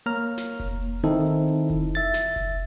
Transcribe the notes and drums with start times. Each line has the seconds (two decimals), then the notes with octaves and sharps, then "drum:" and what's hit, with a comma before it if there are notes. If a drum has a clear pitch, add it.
0.06 A#3 C#5 A#5 F6
0.15 drum: hi-hat
0.38 drum: snare
0.60 drum: kick F1, hi-hat
0.82 drum: hi-hat
1.04 D#3 C4 D#4 E4 A4, drum: hi-hat
1.26 drum: hi-hat
1.48 drum: hi-hat
1.70 drum: kick F1, hi-hat
1.95 E5 A6
2.14 drum: snare
2.36 drum: kick F1, hi-hat